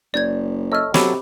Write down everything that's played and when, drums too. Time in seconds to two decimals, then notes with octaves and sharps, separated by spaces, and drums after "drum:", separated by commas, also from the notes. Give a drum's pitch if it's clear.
0.14 F#1 D5 G6 G#6
0.72 A4 C#5 D#5 E5 F6
0.94 C3 F#3 A4 C#5 B5 D6, drum: snare